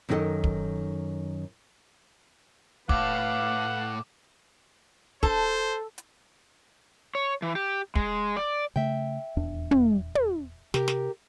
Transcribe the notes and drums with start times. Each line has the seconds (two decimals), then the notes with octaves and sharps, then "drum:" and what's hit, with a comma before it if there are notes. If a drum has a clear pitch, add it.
0.09 F#2 D#3 D#4 F#4 A4 D#5
0.44 drum: kick
2.89 A2 B4 F5 F#5 D6, drum: kick
5.23 A4 C5, drum: kick
5.98 drum: hi-hat
7.15 C#5
7.42 E3
7.55 G4
7.95 G#3, drum: kick
8.37 D5
8.76 C#3 A3 E5 G5
9.36 D#1 E2 D4
9.71 drum: tom
10.15 drum: tom
10.74 C3 G4 A#4, drum: snare
10.88 drum: snare